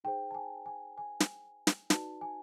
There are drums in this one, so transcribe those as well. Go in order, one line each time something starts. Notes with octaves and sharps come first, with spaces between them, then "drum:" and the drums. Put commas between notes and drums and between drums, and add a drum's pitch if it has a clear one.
D#4 G#4 C5 G5
A5
G#5
G#5
G#5
drum: snare
drum: snare
D#4 F#4 B4 D5 A5, drum: snare
G#5